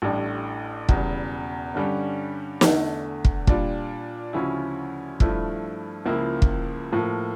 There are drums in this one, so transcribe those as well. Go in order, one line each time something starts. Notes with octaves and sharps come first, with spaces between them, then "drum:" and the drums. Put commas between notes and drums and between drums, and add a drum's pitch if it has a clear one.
A1 A2 G3 D4
E1 E2 C#3 G3, drum: kick
G2 D3 G3 C#4 G4
E2 D3 A3, drum: snare
drum: kick
A#2 G3 D4 F4, drum: kick
D2 C#3 F3 C#4 E4
G2 F3 A3 E4, drum: kick
C#2 C#3 F3 A#3 E4
drum: kick
A2 F3 A#3